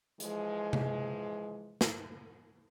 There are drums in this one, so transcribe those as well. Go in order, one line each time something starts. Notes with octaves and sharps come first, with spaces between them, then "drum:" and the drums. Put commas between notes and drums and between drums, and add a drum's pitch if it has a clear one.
E3 F3 G#3, drum: hi-hat
drum: tom C3
drum: snare